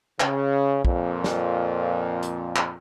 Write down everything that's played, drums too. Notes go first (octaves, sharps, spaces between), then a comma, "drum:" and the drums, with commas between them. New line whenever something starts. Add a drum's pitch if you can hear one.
C#3, drum: clap
F2 A#2, drum: kick
drum: snare
drum: hi-hat
drum: clap